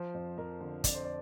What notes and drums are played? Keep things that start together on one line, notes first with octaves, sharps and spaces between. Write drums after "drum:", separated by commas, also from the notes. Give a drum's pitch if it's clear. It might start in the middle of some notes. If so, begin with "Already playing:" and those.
Already playing: F3 C5
F2
F2 A#4
D3
F2 D5, drum: kick, hi-hat
C5
D5